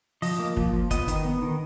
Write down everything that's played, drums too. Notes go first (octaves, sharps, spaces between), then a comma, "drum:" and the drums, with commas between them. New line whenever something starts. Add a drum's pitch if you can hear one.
F3 D#5, drum: open hi-hat
A#3
F3, drum: kick
F3
B3 D#5, drum: kick, hi-hat
D#3, drum: hi-hat
B3
D#3